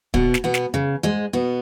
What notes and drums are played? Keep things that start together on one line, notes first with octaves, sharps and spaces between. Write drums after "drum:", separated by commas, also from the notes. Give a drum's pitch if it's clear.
B2 B3, drum: kick
drum: snare
B2 B3
drum: snare
C#3
G#2 G#3
B2 B3